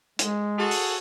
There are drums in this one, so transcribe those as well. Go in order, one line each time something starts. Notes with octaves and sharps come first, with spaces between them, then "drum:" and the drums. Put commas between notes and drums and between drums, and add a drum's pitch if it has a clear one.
G#3, drum: hi-hat
F#4 G#4 A4
drum: open hi-hat